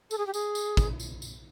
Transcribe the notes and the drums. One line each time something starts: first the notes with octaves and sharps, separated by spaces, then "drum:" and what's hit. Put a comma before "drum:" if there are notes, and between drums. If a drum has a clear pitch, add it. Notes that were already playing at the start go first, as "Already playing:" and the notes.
A4, drum: tambourine
G#4
G4
G#4, drum: tambourine
drum: tambourine
drum: kick, tambourine
drum: tambourine
drum: tambourine